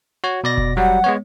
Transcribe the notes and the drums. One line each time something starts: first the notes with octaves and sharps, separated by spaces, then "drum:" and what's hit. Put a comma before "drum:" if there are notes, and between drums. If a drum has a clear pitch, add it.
F#4 C#5
B2 D5 A#6
drum: kick F1
F#3 G3 F#5
G#3 B3 C#5